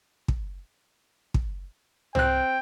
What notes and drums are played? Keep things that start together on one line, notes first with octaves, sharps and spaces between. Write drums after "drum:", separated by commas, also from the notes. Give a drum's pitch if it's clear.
drum: kick
drum: kick
C4 G5 F#6, drum: tom